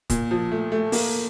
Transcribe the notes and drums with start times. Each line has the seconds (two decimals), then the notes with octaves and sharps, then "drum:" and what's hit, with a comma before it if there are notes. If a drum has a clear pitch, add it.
0.10 A#2, drum: kick, hi-hat
0.31 F3
0.52 A3
0.72 A3
0.92 A#3, drum: open hi-hat